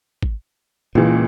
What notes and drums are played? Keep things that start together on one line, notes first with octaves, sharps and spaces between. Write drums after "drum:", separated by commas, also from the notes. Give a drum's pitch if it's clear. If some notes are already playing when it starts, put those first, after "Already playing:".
drum: kick G#1
C#2 A#2 E3